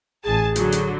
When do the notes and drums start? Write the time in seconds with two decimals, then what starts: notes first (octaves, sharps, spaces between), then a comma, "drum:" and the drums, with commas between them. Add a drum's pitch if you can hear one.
0.24 A1 G#4 G#5 A5
0.56 D3 F#3, drum: hi-hat
0.72 drum: hi-hat